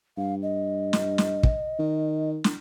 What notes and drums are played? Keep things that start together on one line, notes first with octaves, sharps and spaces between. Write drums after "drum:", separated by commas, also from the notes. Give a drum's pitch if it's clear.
G2 F5
D#5
drum: snare
drum: snare
drum: kick
D#3
drum: snare